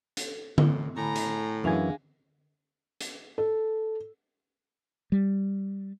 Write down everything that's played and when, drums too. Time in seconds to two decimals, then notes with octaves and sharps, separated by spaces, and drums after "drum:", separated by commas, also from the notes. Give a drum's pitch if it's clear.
0.17 A4, drum: hi-hat
0.58 A2 E4, drum: tom D3
0.97 A2 G#5 A#5 B5
1.16 drum: hi-hat
1.64 F#2 E3 G#3 D4 F5 F#5 G#5
3.01 drum: hi-hat
3.38 A4
5.12 G3